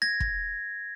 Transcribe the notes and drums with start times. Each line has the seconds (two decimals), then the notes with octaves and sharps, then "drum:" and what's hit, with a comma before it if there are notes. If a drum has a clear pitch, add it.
0.02 G#6 A#6
0.20 drum: kick